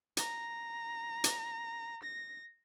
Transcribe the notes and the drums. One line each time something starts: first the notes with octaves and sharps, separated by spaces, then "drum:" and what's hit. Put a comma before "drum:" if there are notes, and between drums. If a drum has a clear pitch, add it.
A#5, drum: hi-hat
drum: hi-hat
A#6